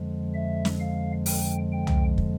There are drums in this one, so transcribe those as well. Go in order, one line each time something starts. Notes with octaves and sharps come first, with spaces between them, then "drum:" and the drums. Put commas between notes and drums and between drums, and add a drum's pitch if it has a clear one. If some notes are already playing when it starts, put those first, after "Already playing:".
Already playing: F2 D3 F3 G#3
E5
drum: snare
F5
G5, drum: open hi-hat
G5
drum: tom
drum: kick